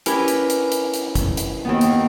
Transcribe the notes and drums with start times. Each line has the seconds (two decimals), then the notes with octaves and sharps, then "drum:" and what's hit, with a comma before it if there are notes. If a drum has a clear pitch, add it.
0.06 C#4 E4 G4 A#4 B4, drum: hi-hat
0.28 drum: hi-hat
0.50 drum: hi-hat
0.72 drum: hi-hat
0.94 drum: hi-hat
1.15 drum: kick, hi-hat
1.37 drum: hi-hat
1.65 D#2 D#3 B3
1.81 drum: hi-hat